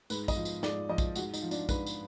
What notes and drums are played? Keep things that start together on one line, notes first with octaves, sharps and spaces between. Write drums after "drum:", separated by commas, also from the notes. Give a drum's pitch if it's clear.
G#2 B4, drum: tambourine
D#5, drum: kick A#1, tambourine
F3
drum: tambourine
G#2 D5, drum: snare
F3 D#5
drum: kick A#1, tambourine
G#2 F#4, drum: tambourine
D#4, drum: tambourine
F3
D4, drum: tambourine
G#2 B4, drum: kick A#1, tambourine
drum: tambourine